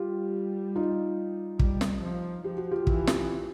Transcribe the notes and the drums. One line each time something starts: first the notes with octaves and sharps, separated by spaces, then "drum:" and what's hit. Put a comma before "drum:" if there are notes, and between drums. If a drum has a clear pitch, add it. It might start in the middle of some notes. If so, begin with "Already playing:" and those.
Already playing: G3 F4 G4
D#4 F4
G3, drum: kick
drum: snare
F3
F3 G4
F#4
F4 G4
E3, drum: kick
drum: snare